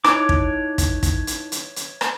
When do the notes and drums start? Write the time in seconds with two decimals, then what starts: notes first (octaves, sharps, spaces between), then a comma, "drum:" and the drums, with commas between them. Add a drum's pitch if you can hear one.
0.04 D#4 E4 C#5 D6 F#6, drum: rim click
0.29 drum: kick
0.78 drum: kick, hi-hat
1.03 drum: kick, hi-hat
1.27 drum: hi-hat
1.52 drum: hi-hat
1.76 drum: hi-hat
2.01 drum: rim click